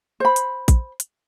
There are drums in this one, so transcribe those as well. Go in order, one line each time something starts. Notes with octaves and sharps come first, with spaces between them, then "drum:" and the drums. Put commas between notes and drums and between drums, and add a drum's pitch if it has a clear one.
C5 B5
drum: hi-hat
drum: kick A#1, hi-hat
drum: hi-hat